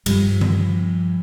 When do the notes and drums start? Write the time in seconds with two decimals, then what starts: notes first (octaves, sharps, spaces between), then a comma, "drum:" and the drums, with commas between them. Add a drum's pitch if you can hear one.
0.06 G2 F3, drum: cymbal
0.41 drum: tom D#3